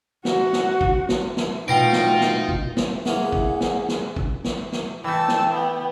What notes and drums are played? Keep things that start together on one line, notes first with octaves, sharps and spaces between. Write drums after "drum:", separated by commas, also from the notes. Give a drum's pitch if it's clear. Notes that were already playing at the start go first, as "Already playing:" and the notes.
F#4 F#5, drum: snare
drum: snare
drum: kick
drum: snare
drum: snare
B2 A3 D#4 F4 G5 A#6 D7
drum: snare
drum: snare
drum: kick
drum: snare
A#3 C#4 E4 G#4 F#5, drum: snare
drum: kick
drum: snare
drum: snare
drum: kick
drum: snare
drum: snare
E3 A3 G5 A5 E6
drum: snare
B3